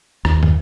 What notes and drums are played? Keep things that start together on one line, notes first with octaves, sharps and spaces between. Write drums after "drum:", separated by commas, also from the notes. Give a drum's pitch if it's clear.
D#2, drum: rim click
drum: tom